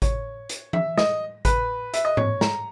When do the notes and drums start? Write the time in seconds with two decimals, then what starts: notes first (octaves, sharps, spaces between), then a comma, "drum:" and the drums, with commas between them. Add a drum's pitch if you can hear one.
0.02 C#5, drum: kick G#1, hi-hat
0.49 drum: hi-hat
0.73 E5, drum: tom E3
0.98 D#5, drum: snare
1.45 B4, drum: kick G#1, hi-hat
1.94 E5, drum: hi-hat
2.05 D#5
2.17 C#5, drum: tom G#2
2.41 A#5, drum: snare